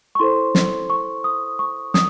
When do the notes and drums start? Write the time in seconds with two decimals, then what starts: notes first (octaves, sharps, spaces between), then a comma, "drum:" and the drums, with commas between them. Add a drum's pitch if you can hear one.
0.15 C#6
0.19 E4 A4 C5 C6
0.55 drum: snare
0.90 C#6
1.24 D#6
1.59 C#6
1.94 D#6, drum: snare